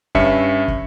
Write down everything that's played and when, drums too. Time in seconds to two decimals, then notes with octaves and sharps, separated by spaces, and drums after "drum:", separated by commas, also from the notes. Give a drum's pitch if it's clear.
0.15 G2 C#4 E5 C#7, drum: kick
0.68 drum: kick